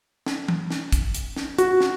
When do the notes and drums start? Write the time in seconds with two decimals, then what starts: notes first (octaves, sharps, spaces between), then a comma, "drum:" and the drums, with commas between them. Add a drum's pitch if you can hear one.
0.26 drum: snare
0.48 drum: tom E3
0.70 drum: snare
0.92 drum: kick, hi-hat
1.14 drum: hi-hat
1.36 drum: snare
1.58 F#4, drum: hi-hat
1.80 drum: snare